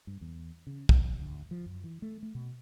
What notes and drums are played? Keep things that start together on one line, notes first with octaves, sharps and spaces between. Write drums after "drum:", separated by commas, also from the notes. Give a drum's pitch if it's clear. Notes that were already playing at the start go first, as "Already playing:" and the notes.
G2
E2
C#3
B1, drum: kick
D2
F3
F#2
E3
A3
A3
B2